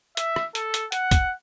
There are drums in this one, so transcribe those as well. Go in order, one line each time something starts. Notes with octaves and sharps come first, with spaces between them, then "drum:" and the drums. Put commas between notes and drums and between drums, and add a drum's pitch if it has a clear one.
E5, drum: hi-hat
drum: rim click
A4, drum: hi-hat
drum: hi-hat
F#5, drum: hi-hat
drum: kick, hi-hat